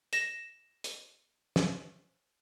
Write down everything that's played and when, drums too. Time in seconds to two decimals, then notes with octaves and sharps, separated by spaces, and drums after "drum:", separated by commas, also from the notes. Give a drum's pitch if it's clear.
0.13 A#6 E7, drum: hi-hat
0.84 drum: hi-hat
1.56 drum: snare